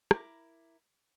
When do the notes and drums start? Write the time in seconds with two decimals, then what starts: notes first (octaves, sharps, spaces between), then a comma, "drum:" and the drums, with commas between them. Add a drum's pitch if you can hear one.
0.11 E4 A#4 A#5 D6, drum: rim click